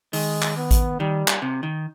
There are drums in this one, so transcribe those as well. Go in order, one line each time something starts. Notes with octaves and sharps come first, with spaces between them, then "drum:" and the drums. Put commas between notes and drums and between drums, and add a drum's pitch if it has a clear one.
D#3 G#3, drum: open hi-hat
drum: clap
B3
drum: kick A1, hi-hat
D#3 G3
drum: clap
C3
D#3